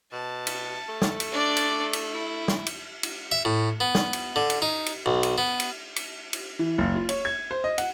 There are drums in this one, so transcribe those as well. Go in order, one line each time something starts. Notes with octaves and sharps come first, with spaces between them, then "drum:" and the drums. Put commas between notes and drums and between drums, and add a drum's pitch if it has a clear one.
B2 A5
drum: cymbal
A3
drum: snare
drum: cymbal
D4 D5
drum: cymbal
drum: cymbal
E4
drum: snare
drum: cymbal
drum: cymbal
E5
A2
B3
drum: snare
drum: cymbal
D3
drum: cymbal
D#4
drum: cymbal
B1
drum: cymbal
B3
drum: cymbal
drum: cymbal
drum: cymbal
E3
F#1
F4
C#5, drum: cymbal
G#6
C5
D#5
F#5, drum: cymbal